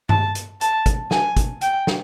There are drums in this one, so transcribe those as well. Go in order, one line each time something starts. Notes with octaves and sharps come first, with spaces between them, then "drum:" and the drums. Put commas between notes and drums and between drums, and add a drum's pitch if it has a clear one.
A5, drum: tom G2
drum: hi-hat
A5, drum: hi-hat
drum: kick, hi-hat
G#5, drum: snare
drum: kick, hi-hat
G5, drum: hi-hat
drum: snare